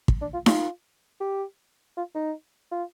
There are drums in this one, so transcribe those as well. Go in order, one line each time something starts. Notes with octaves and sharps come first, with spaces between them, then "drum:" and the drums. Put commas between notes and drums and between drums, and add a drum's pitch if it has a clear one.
drum: kick
D4
F4
F4, drum: snare D#4
G4
F4
D#4
F4